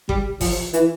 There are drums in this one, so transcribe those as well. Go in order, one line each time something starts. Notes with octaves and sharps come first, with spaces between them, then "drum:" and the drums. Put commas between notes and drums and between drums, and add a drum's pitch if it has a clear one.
G3, drum: kick G1
F3, drum: kick G1, open hi-hat
E3, drum: hi-hat